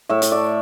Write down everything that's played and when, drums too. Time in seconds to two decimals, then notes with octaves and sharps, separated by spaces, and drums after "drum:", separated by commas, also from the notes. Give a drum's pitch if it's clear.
0.09 A2 E5
0.22 E5, drum: hi-hat
0.32 A3 D5